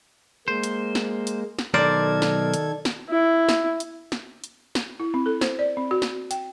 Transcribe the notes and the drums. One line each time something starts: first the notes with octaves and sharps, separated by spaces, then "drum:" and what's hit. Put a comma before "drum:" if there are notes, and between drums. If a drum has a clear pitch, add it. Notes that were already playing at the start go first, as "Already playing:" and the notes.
G#3 A#3 C5
drum: hi-hat
drum: snare
drum: hi-hat
drum: snare
B1 D#3 A4 A#4 C5 D5 G#6
drum: snare
drum: hi-hat
drum: snare
E4
drum: snare
drum: hi-hat
drum: snare
drum: hi-hat
drum: snare
E4
C4
A4
C5, drum: snare
D5
C4
F#4
drum: snare
G5, drum: hi-hat